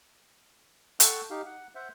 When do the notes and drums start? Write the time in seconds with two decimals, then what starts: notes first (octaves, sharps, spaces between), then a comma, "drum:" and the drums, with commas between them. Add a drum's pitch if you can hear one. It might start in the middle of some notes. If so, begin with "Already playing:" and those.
1.00 A4 F#5 G5 C#6 E6, drum: hi-hat
1.30 D#4 G4 F5
1.46 F#5
1.75 C5 E5 F#5